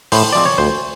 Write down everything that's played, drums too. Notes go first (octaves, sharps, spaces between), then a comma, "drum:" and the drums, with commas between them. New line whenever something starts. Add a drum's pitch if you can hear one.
A2 C5, drum: open hi-hat
F3 G#3 C4 D5
C#5
D2 C5